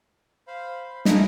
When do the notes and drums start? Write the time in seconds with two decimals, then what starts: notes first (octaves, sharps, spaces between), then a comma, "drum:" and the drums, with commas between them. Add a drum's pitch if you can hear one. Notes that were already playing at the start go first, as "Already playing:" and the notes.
0.47 C5 F5 B5
0.83 B5
1.05 E4 A4 G#5 A#5 D#6, drum: snare